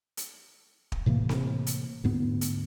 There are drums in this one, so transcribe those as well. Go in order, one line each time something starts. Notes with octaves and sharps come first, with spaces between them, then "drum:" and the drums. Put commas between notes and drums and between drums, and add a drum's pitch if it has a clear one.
drum: hi-hat
drum: kick
A2 C3 E3 A#3
drum: snare C4
drum: hi-hat
D2 G#2 B3
drum: hi-hat